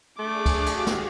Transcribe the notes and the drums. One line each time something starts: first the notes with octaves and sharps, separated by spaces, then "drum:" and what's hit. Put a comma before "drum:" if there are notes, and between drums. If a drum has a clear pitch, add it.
A3 D4 G#4 D6
drum: kick C#2, cymbal
F#4 G4 F5, drum: cymbal
drum: snare